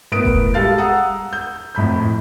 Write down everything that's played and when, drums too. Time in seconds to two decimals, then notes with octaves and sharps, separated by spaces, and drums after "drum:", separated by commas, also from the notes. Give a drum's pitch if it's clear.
0.12 A2 B3 A#4 B4 D#6 D7
0.25 drum: kick F1
0.54 G3 G#3 A4 F5 A6
0.78 F#5 A#5 D#6 E6
1.33 G6
1.75 F2 A2 B5 G6